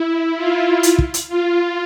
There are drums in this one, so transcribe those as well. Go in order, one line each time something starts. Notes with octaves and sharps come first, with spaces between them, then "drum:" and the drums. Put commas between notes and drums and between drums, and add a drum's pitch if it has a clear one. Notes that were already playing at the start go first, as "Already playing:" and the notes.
Already playing: E4
F4
drum: hi-hat
drum: kick
drum: hi-hat
F4